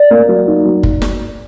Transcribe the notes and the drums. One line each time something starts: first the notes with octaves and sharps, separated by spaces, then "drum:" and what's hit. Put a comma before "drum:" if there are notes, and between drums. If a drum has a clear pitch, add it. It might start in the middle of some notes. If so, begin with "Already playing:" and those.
Already playing: D5
A#3
F#3
D#4
F#3
drum: kick
drum: snare